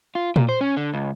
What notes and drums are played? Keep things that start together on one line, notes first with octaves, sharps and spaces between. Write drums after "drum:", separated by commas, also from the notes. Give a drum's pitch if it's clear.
F4
A#2, drum: tom A#2
C5
C#4
D3
C#2